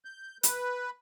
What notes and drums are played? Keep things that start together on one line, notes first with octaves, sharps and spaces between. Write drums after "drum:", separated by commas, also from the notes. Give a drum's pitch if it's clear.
G6
B4, drum: hi-hat